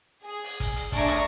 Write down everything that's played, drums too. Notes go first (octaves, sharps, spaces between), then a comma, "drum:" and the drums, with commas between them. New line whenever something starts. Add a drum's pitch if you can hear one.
G#4
drum: open hi-hat
drum: kick, hi-hat
drum: hi-hat
A3 D4 G#5 A#5 C#6 D7, drum: kick, hi-hat
drum: rim click